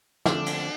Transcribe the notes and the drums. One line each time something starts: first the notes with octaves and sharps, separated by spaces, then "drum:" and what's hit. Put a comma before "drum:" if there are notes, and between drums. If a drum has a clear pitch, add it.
D3 F3 A3 C4 D4, drum: snare
drum: cymbal